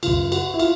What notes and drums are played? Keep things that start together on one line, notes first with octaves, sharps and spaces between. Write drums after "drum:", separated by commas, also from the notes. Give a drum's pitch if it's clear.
F#2 C#3 E3 F4, drum: cymbal
F#4, drum: cymbal
E4
F4, drum: cymbal